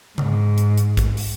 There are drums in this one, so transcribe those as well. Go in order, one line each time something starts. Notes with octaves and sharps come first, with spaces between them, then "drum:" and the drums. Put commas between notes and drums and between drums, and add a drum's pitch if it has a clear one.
G#2, drum: tom C#3
drum: hi-hat
drum: hi-hat
drum: kick, hi-hat
drum: open hi-hat